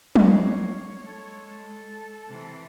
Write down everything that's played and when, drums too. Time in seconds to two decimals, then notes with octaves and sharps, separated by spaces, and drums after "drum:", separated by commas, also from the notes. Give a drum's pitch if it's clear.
0.16 A#3 C#5, drum: tom
1.07 G#3 A4
2.27 C3 E3